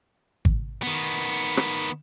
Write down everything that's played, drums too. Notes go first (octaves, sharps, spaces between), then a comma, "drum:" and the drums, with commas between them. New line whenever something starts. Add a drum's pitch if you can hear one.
drum: kick G#1
D#3 B3
drum: rim click